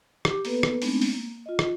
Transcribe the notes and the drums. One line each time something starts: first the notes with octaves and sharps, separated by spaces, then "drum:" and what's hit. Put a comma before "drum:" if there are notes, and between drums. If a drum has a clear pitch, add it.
G4 D6, drum: rim click
A#3 B3 A4 B4, drum: open hi-hat
drum: rim click
G#3 A3 B3 C4 D4 D#4, drum: open hi-hat
drum: open hi-hat
A#3
F4 D#5
drum: rim click